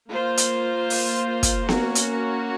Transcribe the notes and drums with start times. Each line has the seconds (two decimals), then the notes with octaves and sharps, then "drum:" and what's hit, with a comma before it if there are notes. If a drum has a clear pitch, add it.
0.11 A#3 F4 C5
0.37 drum: hi-hat
0.90 drum: open hi-hat
1.43 drum: kick, hi-hat
1.69 A#3 C#4 F#4 A#4, drum: snare B3
1.95 drum: hi-hat